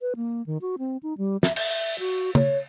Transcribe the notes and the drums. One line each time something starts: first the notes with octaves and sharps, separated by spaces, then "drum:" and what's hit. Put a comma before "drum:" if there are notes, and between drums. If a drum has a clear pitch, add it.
B4
A#3
D#3
F#4
C4
D#4
G3
E5, drum: snare
E5, drum: cymbal
F#4
C#5, drum: tom C#3